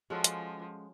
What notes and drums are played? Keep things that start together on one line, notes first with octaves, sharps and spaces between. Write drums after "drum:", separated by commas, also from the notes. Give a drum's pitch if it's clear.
F3 G#3 C#4 F#4 A4
drum: hi-hat